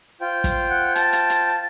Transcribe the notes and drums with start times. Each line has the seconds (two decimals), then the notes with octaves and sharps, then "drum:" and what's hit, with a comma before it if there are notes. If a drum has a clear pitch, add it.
0.21 F4 C5 G5
0.44 drum: kick, hi-hat
0.70 F#5
0.95 A5, drum: hi-hat
1.13 drum: hi-hat
1.30 drum: hi-hat